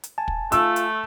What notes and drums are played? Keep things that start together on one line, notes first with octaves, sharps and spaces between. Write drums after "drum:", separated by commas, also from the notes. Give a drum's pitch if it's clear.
drum: hi-hat
G#5 A5
drum: kick
A3 F4 E6, drum: hi-hat
drum: hi-hat